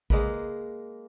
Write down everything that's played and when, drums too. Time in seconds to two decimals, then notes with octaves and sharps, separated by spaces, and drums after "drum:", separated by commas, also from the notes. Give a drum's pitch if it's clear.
0.10 G#3 A#3 B4, drum: kick